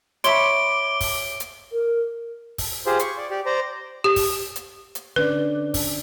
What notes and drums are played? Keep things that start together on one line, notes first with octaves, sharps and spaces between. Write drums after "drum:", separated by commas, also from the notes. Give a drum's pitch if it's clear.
C#5 E5 B5 C6 D6 D7 G7, drum: hi-hat
drum: kick, open hi-hat
drum: hi-hat
A#4
drum: kick, open hi-hat
F4 G4 G#4 C5
C#6, drum: hi-hat
D5
G4 D5
C5 D5 A#5
G4
drum: kick, open hi-hat
drum: hi-hat
drum: hi-hat
D3 C#4 B4 D5
drum: kick, open hi-hat